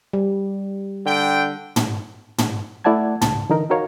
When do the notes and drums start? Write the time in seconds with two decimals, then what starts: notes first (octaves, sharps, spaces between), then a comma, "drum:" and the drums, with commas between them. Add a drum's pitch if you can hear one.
0.13 G3
1.06 D3 G5
1.76 drum: tom
2.38 drum: tom
2.84 A3 E4 D5 F#5 A5 G#6
3.22 C#2 A5, drum: tom
3.50 D3 E3 D#4 A#4
3.70 D#4 F#4 A#4 C#5 F5